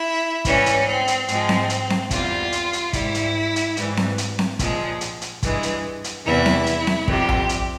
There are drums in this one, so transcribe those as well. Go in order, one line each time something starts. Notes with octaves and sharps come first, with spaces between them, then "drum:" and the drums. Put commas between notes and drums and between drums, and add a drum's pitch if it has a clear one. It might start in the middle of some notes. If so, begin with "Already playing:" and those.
Already playing: E4
G#2 E3 G3 C#4, drum: kick, hi-hat
drum: hi-hat
C4
drum: hi-hat
G#2 F3 G#3 C4, drum: hi-hat
drum: snare C4
drum: hi-hat
drum: snare C4
E2 C3 G3 F4, drum: kick, hi-hat
drum: hi-hat
drum: hi-hat
G#2 G3 E4, drum: kick, hi-hat
drum: hi-hat
drum: hi-hat
G#2 E3 G3, drum: hi-hat
drum: snare C4
drum: hi-hat
drum: snare C4
A#2 F3 G#3, drum: kick, hi-hat
drum: hi-hat
drum: hi-hat
G2 E3 G#3, drum: kick, hi-hat
drum: hi-hat
drum: hi-hat
E2 C3 E3 G3 E4
drum: snare C4
drum: hi-hat
drum: snare C4
F2 C3 G3 G4, drum: kick
drum: tom A#1
drum: hi-hat